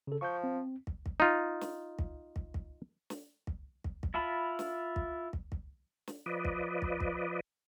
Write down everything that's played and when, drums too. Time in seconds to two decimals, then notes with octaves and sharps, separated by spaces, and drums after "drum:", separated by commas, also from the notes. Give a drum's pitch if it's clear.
0.07 C#3 A4
0.21 F3 C#6 G6
0.44 C4
0.87 drum: kick
1.06 drum: kick
1.20 D#4 F4
1.61 drum: snare
1.99 drum: kick
2.36 drum: kick
2.54 drum: kick
3.10 drum: snare
3.47 drum: kick
3.84 drum: kick
4.03 drum: kick
4.14 E4 F4 A5 B5
4.59 drum: snare
4.96 drum: kick
5.33 drum: kick
5.52 drum: kick
6.07 drum: snare
6.26 F3 B4 D5 D#5
6.45 drum: kick
6.82 drum: kick
7.00 drum: kick